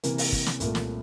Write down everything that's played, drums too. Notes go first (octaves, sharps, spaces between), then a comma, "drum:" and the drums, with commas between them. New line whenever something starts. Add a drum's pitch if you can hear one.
C3 E3 A#3, drum: hi-hat
drum: open hi-hat
drum: kick, hi-hat
drum: snare
C2 A#2 A3, drum: hi-hat
drum: snare